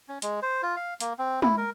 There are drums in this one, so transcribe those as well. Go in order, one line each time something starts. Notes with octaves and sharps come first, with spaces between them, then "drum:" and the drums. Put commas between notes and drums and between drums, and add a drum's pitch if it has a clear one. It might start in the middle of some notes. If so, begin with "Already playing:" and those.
C#4
G#3, drum: hi-hat
C5
F4
F5
A#3, drum: hi-hat
C4
E4, drum: tom G#3
A#4